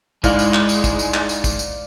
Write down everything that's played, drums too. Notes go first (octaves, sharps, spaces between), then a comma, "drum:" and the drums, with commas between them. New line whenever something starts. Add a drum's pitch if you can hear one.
G#2 G#3 E4 D5 F5, drum: kick, tambourine
drum: tambourine
drum: clap
drum: tambourine
drum: kick, tambourine
drum: tambourine
drum: clap
drum: tambourine
drum: kick, tambourine
drum: tambourine